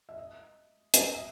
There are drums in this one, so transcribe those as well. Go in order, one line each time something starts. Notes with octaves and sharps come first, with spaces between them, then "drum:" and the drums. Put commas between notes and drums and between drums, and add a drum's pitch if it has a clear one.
E5
D#5
drum: hi-hat
D#5
E5